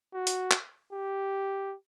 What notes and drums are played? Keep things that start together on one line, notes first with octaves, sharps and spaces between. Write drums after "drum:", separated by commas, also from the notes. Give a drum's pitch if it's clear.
F#4
drum: hi-hat
drum: clap
G4